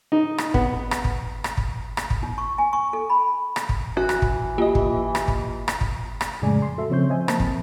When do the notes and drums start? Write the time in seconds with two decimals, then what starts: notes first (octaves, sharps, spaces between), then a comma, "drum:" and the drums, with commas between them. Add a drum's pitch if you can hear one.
0.12 D#4
0.38 drum: rim click
0.54 B3, drum: kick
0.91 drum: rim click
1.05 drum: kick
1.44 drum: rim click
1.57 drum: kick
1.97 drum: rim click
2.10 drum: kick
2.23 D4
2.38 C#6
2.58 G#5
2.73 C#6
2.93 A4
3.10 B5
3.56 drum: rim click
3.69 drum: kick
3.97 E3 F#4
4.09 drum: rim click
4.22 drum: kick
4.58 A#3 F4 G4 D#5
4.75 drum: kick
5.15 drum: rim click
5.28 drum: kick
5.68 drum: rim click
5.81 drum: kick
6.21 drum: rim click
6.42 F2 A2 C#3 G#3 D5 G#5
6.62 C6
6.78 F#4 A4 E5 C6
6.90 C#3 F3 C4 C#5 C6 G6
7.09 C5 D#5 E5 G#5
7.28 F3 A#3 C4 A5, drum: rim click
7.40 drum: kick